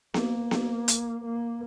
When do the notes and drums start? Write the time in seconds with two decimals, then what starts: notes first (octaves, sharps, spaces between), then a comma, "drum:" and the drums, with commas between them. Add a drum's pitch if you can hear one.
0.14 A#3, drum: snare B3
0.51 drum: snare B3
0.88 drum: hi-hat
1.24 A#3